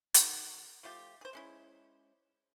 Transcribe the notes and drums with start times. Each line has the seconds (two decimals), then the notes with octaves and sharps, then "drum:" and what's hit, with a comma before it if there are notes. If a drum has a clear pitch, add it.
0.14 D#3 F#4, drum: hi-hat
0.83 F3 A3 F4 G4
1.21 G#4 C5
1.33 G#3 C#4 E4